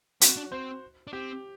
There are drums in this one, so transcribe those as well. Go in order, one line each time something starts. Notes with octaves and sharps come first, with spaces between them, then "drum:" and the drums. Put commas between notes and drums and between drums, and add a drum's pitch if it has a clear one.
C4 F#4, drum: hi-hat
D4
C4 C5
D4
C4 G4